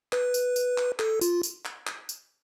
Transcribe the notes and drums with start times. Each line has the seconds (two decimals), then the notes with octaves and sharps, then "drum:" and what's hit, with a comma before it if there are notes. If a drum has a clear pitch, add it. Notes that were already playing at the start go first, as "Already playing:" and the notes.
0.13 B4, drum: clap
0.34 drum: tambourine
0.56 drum: tambourine
0.78 drum: clap
0.99 A4, drum: clap
1.21 F4, drum: tambourine
1.43 drum: tambourine
1.65 drum: clap
1.87 drum: clap
2.09 drum: tambourine